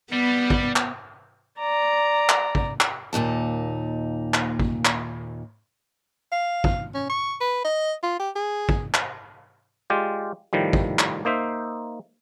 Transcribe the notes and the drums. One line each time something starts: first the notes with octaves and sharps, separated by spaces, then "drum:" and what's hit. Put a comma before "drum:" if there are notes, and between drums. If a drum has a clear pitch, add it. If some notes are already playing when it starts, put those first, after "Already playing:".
G3 B3
drum: kick
drum: clap
D5 A#5
drum: clap
drum: kick
drum: clap
D#2 A#2 D#4 A5
drum: clap
drum: kick
drum: clap
F5
drum: kick
C#4
C#6
B4
D#5
F4
G4
G#4
drum: kick
drum: clap
G#3 F4 G4 D5
A2 D#3 F3 G3
drum: kick
drum: clap
A#3 D#4 C5 E5